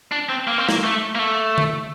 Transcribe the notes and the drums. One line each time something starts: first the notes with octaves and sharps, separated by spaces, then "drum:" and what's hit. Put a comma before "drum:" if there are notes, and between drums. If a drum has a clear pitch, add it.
D4
C4
A#3
C4
A#3, drum: snare
A3
A#3
A3
drum: tom D3